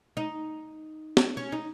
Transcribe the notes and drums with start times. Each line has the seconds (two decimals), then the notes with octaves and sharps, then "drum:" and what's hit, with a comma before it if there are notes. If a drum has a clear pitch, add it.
0.17 D#4
1.17 drum: snare
1.37 C#4
1.52 D#4